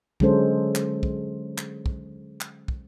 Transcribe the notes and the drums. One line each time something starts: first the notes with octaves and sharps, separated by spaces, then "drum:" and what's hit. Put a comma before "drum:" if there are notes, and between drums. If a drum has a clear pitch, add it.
D3 F#3 G#3 C#4 A4 C5, drum: kick
drum: clap
drum: kick
drum: clap
drum: kick
drum: clap
drum: kick